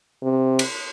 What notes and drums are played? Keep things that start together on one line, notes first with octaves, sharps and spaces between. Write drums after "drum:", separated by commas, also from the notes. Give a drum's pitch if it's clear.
C3
drum: cymbal